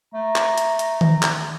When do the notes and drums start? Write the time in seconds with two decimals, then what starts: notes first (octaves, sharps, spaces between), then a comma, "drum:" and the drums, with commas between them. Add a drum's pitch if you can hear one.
0.14 A3 A#5
0.36 drum: clap
0.58 drum: hi-hat
0.79 drum: hi-hat
1.01 drum: tom D#3
1.23 drum: clap